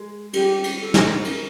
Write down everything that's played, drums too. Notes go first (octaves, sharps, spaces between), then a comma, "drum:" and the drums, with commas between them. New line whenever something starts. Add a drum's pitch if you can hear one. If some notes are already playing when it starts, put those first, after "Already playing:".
Already playing: G#3
G3 G4, drum: cymbal
drum: cymbal
A4
drum: snare
A#4, drum: cymbal